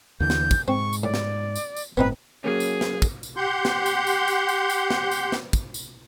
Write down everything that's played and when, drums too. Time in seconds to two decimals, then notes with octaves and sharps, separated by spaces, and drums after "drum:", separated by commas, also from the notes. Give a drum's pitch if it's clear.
0.20 D#2 D3 E3 G6
0.30 drum: snare
0.51 drum: kick, tambourine
0.68 G#2 C4 C#6
0.93 drum: tambourine
1.03 A2 D5
1.14 drum: snare
1.56 drum: tambourine
1.76 drum: tambourine
1.97 G1 A2 B3 C4 D#4 B4
2.44 F#3 A#3 C#4 G#4
2.60 drum: tambourine
2.81 drum: snare
3.02 drum: kick, tambourine
3.23 drum: tambourine
3.36 G4 F#5 C6 G6
3.65 drum: snare
3.86 drum: tambourine
4.07 drum: tambourine
4.28 drum: tambourine
4.49 drum: tambourine
4.70 drum: tambourine
4.90 drum: snare
5.11 drum: tambourine
5.32 drum: snare
5.53 drum: kick, tambourine
5.74 drum: tambourine